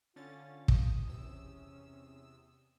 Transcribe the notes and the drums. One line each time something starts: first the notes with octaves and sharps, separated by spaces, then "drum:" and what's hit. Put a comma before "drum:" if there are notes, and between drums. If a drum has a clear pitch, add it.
D3 C#4 F4 A6
C2 D#6, drum: kick
E2 C3 C#4 E6